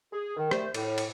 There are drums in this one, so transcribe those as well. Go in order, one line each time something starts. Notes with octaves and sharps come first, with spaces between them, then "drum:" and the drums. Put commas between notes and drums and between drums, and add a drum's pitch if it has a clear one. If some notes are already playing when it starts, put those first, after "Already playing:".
G#4
D#3
G3 A3 C5, drum: rim click
A2, drum: cymbal
drum: cymbal